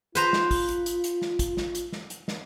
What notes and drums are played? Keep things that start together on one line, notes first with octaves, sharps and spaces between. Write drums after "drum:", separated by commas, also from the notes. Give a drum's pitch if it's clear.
F4 B4 C5 A#5, drum: hi-hat
drum: snare
drum: kick, open hi-hat
drum: hi-hat
drum: hi-hat
drum: hi-hat
drum: snare
drum: kick, hi-hat
drum: snare
drum: hi-hat
drum: snare
drum: hi-hat
drum: snare